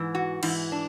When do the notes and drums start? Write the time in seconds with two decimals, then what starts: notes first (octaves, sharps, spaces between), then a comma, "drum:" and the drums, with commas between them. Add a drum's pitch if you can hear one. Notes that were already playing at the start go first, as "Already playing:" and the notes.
Already playing: G#2 E3
0.15 F#4
0.43 G#2 E3 E4, drum: cymbal
0.72 D4